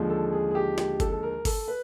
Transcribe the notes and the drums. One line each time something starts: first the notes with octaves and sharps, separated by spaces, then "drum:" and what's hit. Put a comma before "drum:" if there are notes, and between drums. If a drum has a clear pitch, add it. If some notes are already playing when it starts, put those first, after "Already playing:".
Already playing: D#2 D3 F3 G#3
A4
G#4
G#4
G4
G4, drum: snare
A4, drum: kick G1, hi-hat
A4
A#4
A4, drum: kick G1, open hi-hat
B4